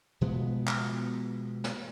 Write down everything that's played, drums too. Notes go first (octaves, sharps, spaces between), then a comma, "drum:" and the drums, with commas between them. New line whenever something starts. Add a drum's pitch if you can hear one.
B2 F3 G#3 B3
drum: clap
drum: snare